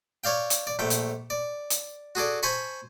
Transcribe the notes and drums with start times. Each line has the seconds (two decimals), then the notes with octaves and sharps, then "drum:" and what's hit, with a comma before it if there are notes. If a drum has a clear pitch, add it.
0.24 C#5 D5 F5 G5
0.50 drum: hi-hat
0.67 D5
0.79 A#1 A3 G5
0.90 drum: hi-hat
1.30 D5
1.70 drum: hi-hat
2.15 F#4 G#4 A4 D5
2.43 C5 G#5 A5 B5 C#6